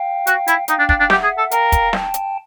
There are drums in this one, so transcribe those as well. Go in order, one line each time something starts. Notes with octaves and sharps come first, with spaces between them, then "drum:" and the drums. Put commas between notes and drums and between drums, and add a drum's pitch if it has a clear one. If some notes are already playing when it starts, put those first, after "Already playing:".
Already playing: F5 G5
F#4, drum: hi-hat
E4, drum: hi-hat
D#4 F5 G5, drum: hi-hat
D4
D4, drum: kick
D4
G4 E5 F#5, drum: snare
G#4
A4
A#4 F5 G5, drum: hi-hat
drum: kick, hi-hat
G5 A5, drum: snare
drum: hi-hat